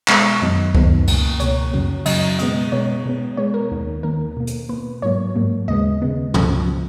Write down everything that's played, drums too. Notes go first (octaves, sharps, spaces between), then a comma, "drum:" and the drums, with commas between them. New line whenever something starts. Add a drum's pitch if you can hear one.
B2 G#3 B3, drum: clap
F#2 D#3 F#3 B3 D#5
F#2 D#3 F#3 B3, drum: kick C#2
C#2 B2 A#3, drum: cymbal
C#2 B2 A#3 C#5, drum: hi-hat
F#2 C#3 F#3
F#2 C#3 F#3 D#5, drum: cymbal
B2 G#3 B3 D#5, drum: hi-hat
B2 G#3 B3 C#5
B2 G#3 B3
B2 G#3 B3 C#5
A#4
D#2 D#3 A#3
D#2 D#3 A#3 A#4
B2 A#3
drum: hi-hat
B2 A#3 B4
G#2 F#3 A#3 C#5
G#2 F#3 A#3
D#2 C#3 G#3 B3 D#5
D#2 C#3 G#3 B3
C#2 C#3 F3, drum: tom
C#3 F3